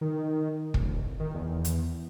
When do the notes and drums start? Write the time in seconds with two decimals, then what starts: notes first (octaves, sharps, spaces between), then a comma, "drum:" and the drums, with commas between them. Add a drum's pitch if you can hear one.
0.01 D#3
0.74 D1, drum: kick
1.20 D#3
1.35 E2
1.65 drum: hi-hat